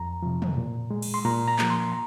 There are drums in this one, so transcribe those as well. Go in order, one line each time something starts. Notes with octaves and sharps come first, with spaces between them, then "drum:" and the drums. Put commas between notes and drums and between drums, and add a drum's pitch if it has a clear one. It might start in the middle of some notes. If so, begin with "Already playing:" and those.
Already playing: F2 A#5
C3 F3
drum: tom
A#2
G#3
drum: cymbal
C6
A#2 A#5
A#5
F3 A#3, drum: clap
C6
A#5